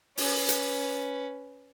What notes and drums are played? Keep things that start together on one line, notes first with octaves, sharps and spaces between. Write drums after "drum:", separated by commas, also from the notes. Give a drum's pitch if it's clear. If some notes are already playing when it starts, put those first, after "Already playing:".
C#4 B4, drum: open hi-hat
drum: hi-hat